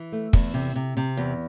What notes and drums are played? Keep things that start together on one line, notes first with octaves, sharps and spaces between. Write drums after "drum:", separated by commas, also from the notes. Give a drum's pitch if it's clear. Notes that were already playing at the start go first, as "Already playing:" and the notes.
Already playing: E3
A3
E2, drum: kick
C3
C3
C3
E2